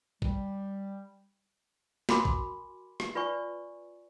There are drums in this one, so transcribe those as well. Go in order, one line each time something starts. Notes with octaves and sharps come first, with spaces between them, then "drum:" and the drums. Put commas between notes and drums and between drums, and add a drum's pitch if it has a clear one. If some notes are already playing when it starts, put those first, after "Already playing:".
G3, drum: kick
F#4 A#4 G#5 B5 C6 D6, drum: snare
drum: kick
drum: rim click
F4 B4 D5 G#5 C#6